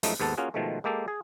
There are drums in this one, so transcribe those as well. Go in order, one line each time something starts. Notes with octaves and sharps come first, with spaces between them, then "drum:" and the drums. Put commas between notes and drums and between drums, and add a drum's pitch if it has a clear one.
F#2 F3 G#3 A3 D#4, drum: open hi-hat
D#2 G#2 B3 A4 A5
A#3 C#4 F4 F#4 G#4
B2 D#3 F3 G#3 A3
G#3 A#3 G4 A4
G#4